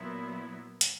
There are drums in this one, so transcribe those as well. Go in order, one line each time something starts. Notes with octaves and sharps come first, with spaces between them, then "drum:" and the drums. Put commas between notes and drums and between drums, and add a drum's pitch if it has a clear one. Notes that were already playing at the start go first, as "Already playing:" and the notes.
Already playing: A#2 F#3 B3 E4
drum: hi-hat